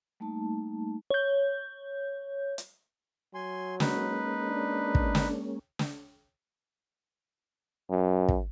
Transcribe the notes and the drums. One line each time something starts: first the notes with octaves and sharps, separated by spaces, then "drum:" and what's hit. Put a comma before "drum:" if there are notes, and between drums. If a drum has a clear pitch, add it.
G3 A3 A#3 D#4 A5
C#5 G6
drum: hi-hat
F#3 G#5 C6
G#3 A#3 C#4 D#4 B4, drum: snare
D4
drum: kick
drum: snare
drum: snare
F#2
drum: kick